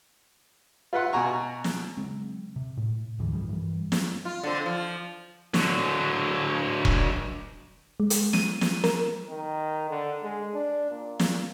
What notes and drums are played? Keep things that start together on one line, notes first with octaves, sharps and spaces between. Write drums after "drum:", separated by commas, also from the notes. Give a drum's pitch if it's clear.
F4 B4 E5 F#5 C6
B2 F#4 G#5 A#5 C#6
drum: snare
C#3 F#3 G#3 C4
C3
A2
D2 G#2 D3 E3
B1 G2 F3 G3
G2 E3 G3
drum: snare
F4
D3 C4
F3
D3 F#3, drum: snare
drum: kick E1
G#3
drum: hi-hat
D#7, drum: snare
drum: snare
A#4, drum: snare
D#3
D3
G#3
D4
A#2
drum: snare